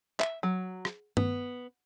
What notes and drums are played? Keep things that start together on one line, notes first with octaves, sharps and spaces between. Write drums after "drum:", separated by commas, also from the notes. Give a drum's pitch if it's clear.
E5, drum: clap
F#3
drum: rim click
B3, drum: tom G2